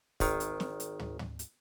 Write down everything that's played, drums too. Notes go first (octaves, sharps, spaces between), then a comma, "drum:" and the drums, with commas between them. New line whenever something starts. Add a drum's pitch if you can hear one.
G#1 D#3, drum: kick, open hi-hat
drum: hi-hat
drum: snare
drum: hi-hat
drum: tom
drum: tom
drum: hi-hat